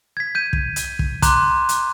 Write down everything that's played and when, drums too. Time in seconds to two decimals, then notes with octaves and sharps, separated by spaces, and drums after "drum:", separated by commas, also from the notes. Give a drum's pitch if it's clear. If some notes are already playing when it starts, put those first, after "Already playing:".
0.17 G#6 B6
0.35 G6 D#7
0.53 drum: kick
0.76 drum: hi-hat
0.99 drum: kick
1.22 A#5 C6 D6 F#6 G6, drum: kick, hi-hat
1.69 drum: hi-hat